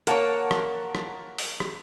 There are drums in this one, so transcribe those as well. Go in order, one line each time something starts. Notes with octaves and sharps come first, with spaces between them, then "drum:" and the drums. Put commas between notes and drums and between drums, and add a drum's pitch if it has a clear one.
A#3 A#4 C#5 F#5 A5, drum: hi-hat
drum: rim click
drum: rim click
drum: open hi-hat
drum: rim click